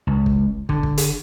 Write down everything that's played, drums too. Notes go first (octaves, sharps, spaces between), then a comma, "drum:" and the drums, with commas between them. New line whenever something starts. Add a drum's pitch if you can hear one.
C#2
drum: kick
D3, drum: kick
drum: kick
drum: hi-hat